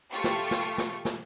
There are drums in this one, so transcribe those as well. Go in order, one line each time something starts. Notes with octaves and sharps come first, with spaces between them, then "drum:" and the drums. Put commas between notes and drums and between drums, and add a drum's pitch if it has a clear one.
A3 F4 G4 C#6
drum: snare
drum: snare
drum: snare
drum: snare